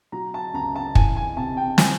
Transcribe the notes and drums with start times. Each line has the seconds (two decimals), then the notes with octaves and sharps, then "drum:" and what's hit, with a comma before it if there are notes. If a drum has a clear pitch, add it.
0.12 F#3 A#5
0.34 A5
0.54 C#2 A#5
0.76 A5
0.95 E3 G#5, drum: kick
1.17 G#5
1.37 C3 A5
1.57 G5
1.78 E3 G#5, drum: snare